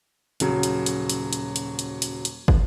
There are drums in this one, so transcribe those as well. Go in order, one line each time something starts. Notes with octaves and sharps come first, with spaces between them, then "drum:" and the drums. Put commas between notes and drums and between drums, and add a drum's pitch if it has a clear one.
D#1 C#3 F#3, drum: hi-hat
drum: hi-hat
drum: hi-hat
drum: hi-hat
drum: hi-hat
drum: hi-hat
drum: hi-hat
drum: hi-hat
drum: hi-hat
drum: kick